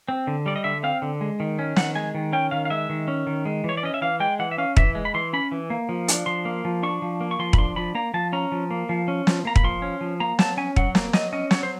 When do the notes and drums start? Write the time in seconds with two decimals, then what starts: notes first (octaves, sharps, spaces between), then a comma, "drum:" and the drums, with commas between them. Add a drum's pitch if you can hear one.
0.08 C4
0.27 D3
0.46 G3 D5
0.56 D#5
0.64 D3 E5
0.83 C4 F5
1.02 D3
1.21 G#3
1.40 D#3
1.59 C#4
1.76 D#3 F#5, drum: snare
1.95 G#3 G#5
2.15 D#3
2.33 C#4 G5
2.51 D#3 F5
2.65 F5
2.70 G#3 E5
2.90 D#3
3.08 C#4
3.27 D#3
3.45 G#3
3.64 E3 C#5
3.77 D5
3.83 C#4 D#5
3.94 E5
4.02 E3 F5
4.20 G#3 G5
4.39 E3 F#5
4.51 E5
4.58 C#4 F5
4.77 E3 E5, drum: kick
4.95 G#3
5.05 B5
5.14 E3 C6
5.33 C#4 B5
5.52 E3
5.70 A#3
5.89 F3
6.08 D4, drum: hi-hat
6.26 F3 C6
6.45 A#3
6.65 F3
6.83 D4 C#6
7.02 F3
7.21 A#3
7.31 C#6
7.39 F3 C6
7.53 B5, drum: kick
7.58 D4 C6
7.76 F3 B5
7.95 A#3 A#5
8.14 F3 A5
8.33 C#4 A#5
8.52 F3
8.70 A#3
8.89 F3
9.08 C#4
9.27 F3, drum: snare
9.45 A#3 A#5
9.56 B5, drum: kick
9.64 F3 C6
9.82 C#4
10.01 F3
10.20 A#3 A#5
10.39 F#3 A5, drum: snare
10.57 C#4 G#5
10.76 F#3 F#5, drum: kick
10.95 A#3, drum: snare
11.13 F#3 D#5, drum: snare
11.33 C#4 D#5
11.51 F#3 C#5, drum: snare
11.63 C5